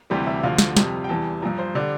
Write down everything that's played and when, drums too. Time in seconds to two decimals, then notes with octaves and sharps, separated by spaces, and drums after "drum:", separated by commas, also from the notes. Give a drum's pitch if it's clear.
0.10 D2 C3 E3 G3 G4
0.27 E5
0.43 D2 D3 F3 F5
0.58 drum: snare
0.77 F2 C3 G3, drum: snare
1.04 G5
1.09 E2 E3 G3 A5
1.42 G2 F3 A#5
1.58 C5
1.75 D3 G3 D5